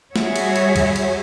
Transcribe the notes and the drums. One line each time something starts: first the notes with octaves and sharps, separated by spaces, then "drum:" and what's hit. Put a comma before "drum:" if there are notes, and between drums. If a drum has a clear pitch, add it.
G3 F#4 G#4 C#5 E5, drum: snare
drum: cymbal
drum: cymbal
drum: kick, cymbal
drum: cymbal